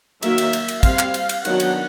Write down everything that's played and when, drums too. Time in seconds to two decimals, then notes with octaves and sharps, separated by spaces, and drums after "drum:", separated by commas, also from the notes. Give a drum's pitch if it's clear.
0.23 D#3 F#3 A#3 E5, drum: cymbal
0.38 drum: cymbal
0.53 drum: cymbal
0.68 drum: cymbal
0.83 G3 C4 F5, drum: kick, cymbal
0.99 drum: clap
1.14 drum: cymbal
1.29 drum: cymbal
1.45 D#3 F#3 B3 D4 F#5, drum: cymbal
1.60 drum: cymbal